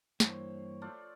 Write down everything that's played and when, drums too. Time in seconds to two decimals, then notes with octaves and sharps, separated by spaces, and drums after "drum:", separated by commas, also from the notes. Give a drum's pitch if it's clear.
0.20 G2 E3 A#3 C5 C#5, drum: snare
0.82 A3 F4 D5